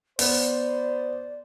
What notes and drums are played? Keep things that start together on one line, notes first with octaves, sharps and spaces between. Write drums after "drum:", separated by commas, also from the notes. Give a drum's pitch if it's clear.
B3 C5 D5, drum: open hi-hat